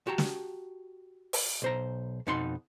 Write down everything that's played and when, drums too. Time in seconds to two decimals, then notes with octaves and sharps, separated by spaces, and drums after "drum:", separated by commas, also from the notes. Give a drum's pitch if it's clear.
0.07 F#4 G4 A5 A#5
0.18 drum: snare
1.33 drum: open hi-hat
1.62 B1 C5 A#5
2.27 F2 B2 D#4 F#5 C6